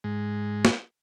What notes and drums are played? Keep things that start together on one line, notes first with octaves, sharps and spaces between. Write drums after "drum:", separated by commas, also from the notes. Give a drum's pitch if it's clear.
G#2 G#3
drum: snare